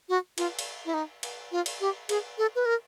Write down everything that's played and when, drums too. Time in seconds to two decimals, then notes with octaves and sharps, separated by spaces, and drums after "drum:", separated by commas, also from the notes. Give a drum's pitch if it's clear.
0.09 F#4
0.38 F4, drum: cymbal
0.59 drum: cymbal
0.85 E4
0.94 D#4
1.23 drum: cymbal
1.52 F4
1.66 drum: cymbal
1.81 G4
2.09 G#4, drum: cymbal
2.38 A4
2.55 B4
2.65 A#4